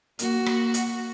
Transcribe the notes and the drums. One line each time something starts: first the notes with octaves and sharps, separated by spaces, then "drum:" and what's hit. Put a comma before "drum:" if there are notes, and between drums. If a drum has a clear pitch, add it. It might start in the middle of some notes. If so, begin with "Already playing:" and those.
A#3 F#4, drum: hi-hat
drum: rim click
drum: hi-hat